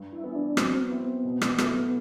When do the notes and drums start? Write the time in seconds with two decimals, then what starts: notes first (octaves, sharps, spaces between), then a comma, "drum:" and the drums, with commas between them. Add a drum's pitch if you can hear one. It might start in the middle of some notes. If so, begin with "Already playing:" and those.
Already playing: G2
0.13 E4
0.24 E3 B3
0.35 D4
0.57 F#3 C4, drum: rim click
0.80 B3
0.91 C4 E4
1.03 B3
1.25 B2
1.41 drum: rim click
1.58 F#3 A3 E4, drum: rim click